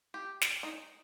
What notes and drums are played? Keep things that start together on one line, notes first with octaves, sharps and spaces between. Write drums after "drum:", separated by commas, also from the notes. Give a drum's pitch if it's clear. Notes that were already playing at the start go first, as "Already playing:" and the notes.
G4
drum: snare
D#4